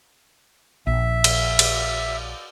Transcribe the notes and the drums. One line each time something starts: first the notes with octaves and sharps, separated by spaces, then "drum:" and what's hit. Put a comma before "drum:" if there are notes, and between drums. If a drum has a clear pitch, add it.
A#1 E5
drum: cymbal
drum: cymbal